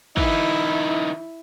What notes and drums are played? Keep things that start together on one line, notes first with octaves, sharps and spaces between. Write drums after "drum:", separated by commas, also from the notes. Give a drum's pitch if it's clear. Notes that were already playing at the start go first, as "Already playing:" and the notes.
E3 D#4 E4, drum: kick